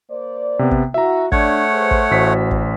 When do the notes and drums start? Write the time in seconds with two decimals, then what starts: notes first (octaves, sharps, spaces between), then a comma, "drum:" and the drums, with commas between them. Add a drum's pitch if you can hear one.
0.11 A#3 C5 D5
0.59 C3 B3
0.71 drum: kick
0.94 E4 F#4 E5 A#5
1.32 A3 D4 C#5 F#5 G#6, drum: kick
1.73 G#4 B4 C5
1.91 drum: kick
2.11 A1 F#4 C5 B6
2.51 drum: kick